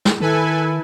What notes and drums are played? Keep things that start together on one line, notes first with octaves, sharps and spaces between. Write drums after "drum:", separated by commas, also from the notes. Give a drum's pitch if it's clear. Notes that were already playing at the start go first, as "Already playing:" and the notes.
drum: snare
D#3 E4 A4 B4 G#5